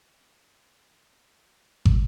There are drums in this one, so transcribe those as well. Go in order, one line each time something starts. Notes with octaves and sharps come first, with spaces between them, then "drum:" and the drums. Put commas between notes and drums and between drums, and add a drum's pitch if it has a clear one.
A#3 B3 D4 D#4 D5 E5
drum: kick